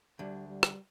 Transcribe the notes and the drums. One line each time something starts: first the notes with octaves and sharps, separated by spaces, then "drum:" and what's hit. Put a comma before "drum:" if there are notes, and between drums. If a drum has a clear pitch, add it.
D2 D3 G3
G3
drum: rim click